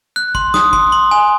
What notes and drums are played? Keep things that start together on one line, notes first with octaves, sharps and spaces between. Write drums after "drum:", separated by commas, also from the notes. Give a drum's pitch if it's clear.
F#6
C6, drum: kick
D#6, drum: snare
C6, drum: kick
C6
G#5